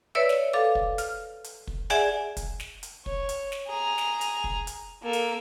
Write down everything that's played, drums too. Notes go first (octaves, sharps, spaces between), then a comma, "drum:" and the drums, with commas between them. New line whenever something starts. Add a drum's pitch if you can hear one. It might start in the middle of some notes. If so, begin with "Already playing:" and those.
B4 C#5 D5 E5 E6
drum: snare
A4 F5 D6
drum: kick
F6, drum: hi-hat
drum: hi-hat
drum: kick
G#4 D5 E5 F#5 G#5, drum: hi-hat
drum: kick, hi-hat
drum: snare
drum: hi-hat
C#5, drum: kick
drum: hi-hat
drum: snare
G#4 A#5
drum: snare
drum: hi-hat
drum: kick
drum: hi-hat
A#3 A4
drum: hi-hat